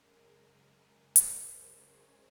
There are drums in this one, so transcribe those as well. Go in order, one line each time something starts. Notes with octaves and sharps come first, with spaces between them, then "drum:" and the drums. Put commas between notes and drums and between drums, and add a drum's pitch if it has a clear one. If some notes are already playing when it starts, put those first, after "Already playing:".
Already playing: F#2 C#3 G#3 A#4
G#4
A#4
C5, drum: hi-hat
C#5